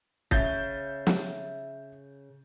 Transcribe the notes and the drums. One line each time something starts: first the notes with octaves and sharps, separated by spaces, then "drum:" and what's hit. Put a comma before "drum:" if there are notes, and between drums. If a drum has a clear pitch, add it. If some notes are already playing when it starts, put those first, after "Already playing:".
C#3 E5 G6 A6, drum: kick
drum: snare